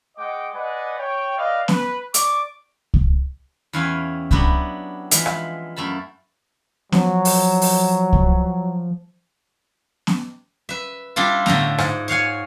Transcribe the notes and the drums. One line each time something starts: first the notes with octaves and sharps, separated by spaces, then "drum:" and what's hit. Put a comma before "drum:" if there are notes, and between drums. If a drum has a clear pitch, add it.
G#3 D#5 F#5 G5 D6
B4 D5 D#5 F#5 G#5
C#5 G5
B4 D5 D#5 F5
B4, drum: snare B3
D5 C#6 D6, drum: hi-hat
drum: kick C2
E2 E3 C#4 F5 G5 G#5
F#3 B3 D4 E4 G4, drum: kick C2
E3 F3 G#3, drum: hi-hat
drum: rim click
F#2 A3 A5 B5
F3 F#3, drum: snare B3
drum: open hi-hat
drum: open hi-hat
drum: kick C2
drum: snare B3
B4 E5
G3 D4 E4 F4
A2 D3 G5 A#5, drum: snare B3
G#2, drum: rim click
C#5 F5 F#5 G#5